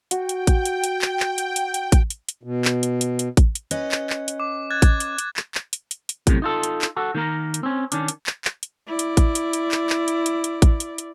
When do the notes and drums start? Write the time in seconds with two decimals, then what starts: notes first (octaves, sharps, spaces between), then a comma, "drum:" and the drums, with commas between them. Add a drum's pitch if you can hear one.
0.11 F#4 G5, drum: hi-hat
0.29 drum: hi-hat
0.47 drum: kick A1, hi-hat
0.65 drum: hi-hat
0.84 drum: hi-hat
1.02 drum: clap
1.20 drum: clap
1.38 drum: hi-hat
1.56 drum: hi-hat
1.74 drum: hi-hat
1.92 drum: kick A1, hi-hat
2.10 drum: hi-hat
2.29 drum: hi-hat
2.43 B2
2.65 drum: clap
2.83 drum: hi-hat
3.01 drum: hi-hat
3.19 drum: hi-hat
3.37 drum: kick A1, hi-hat
3.55 drum: hi-hat
3.71 C#4 B4 D#5, drum: hi-hat
3.92 drum: clap
4.10 drum: clap
4.28 drum: hi-hat
4.40 D6
4.71 F#6 G#6 A6
4.82 drum: kick A1, hi-hat
5.00 drum: hi-hat
5.18 drum: hi-hat
5.37 drum: clap
5.55 drum: clap
5.73 drum: hi-hat
5.91 drum: hi-hat
6.09 drum: hi-hat
6.27 F#2 A2 C3, drum: kick A1, hi-hat
6.42 D#4 F4 A4
6.63 drum: hi-hat
6.82 drum: clap
6.97 F#4 A4
7.15 D#3 A#3 A#4
7.54 drum: hi-hat
7.63 C4 C#4
7.92 D#3 C#4 D4, drum: hi-hat
8.08 drum: hi-hat
8.27 drum: clap
8.45 drum: clap
8.63 drum: hi-hat
8.87 E4 D5
8.99 drum: hi-hat
9.17 drum: kick A1, hi-hat
9.35 drum: hi-hat
9.53 drum: hi-hat
9.72 drum: clap
9.90 drum: clap
10.08 drum: hi-hat
10.26 drum: hi-hat
10.44 drum: hi-hat
10.62 drum: kick A1, hi-hat
10.80 drum: hi-hat
10.98 drum: hi-hat